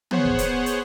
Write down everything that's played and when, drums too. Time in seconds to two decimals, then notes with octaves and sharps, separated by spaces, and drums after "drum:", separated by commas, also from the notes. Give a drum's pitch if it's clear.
0.11 B3 G#4 C5 C#5 F#5, drum: tom
0.25 drum: kick
0.38 drum: hi-hat
0.66 drum: hi-hat